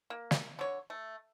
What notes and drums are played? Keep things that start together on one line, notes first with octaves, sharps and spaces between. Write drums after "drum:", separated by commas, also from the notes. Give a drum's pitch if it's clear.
A#3
drum: snare
D3 C#5
A3